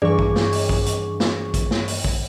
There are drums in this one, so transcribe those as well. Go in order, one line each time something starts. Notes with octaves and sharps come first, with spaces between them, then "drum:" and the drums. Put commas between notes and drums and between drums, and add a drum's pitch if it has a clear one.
G2 E3 G#4 D5 C#6
drum: kick
drum: snare
drum: open hi-hat
drum: kick
drum: hi-hat
drum: snare
drum: kick, hi-hat
drum: snare
drum: open hi-hat
drum: kick